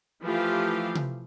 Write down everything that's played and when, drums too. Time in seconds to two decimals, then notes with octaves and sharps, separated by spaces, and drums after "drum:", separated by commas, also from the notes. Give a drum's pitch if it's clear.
0.23 E3 F3 A3 G4 F5
0.95 drum: tom C3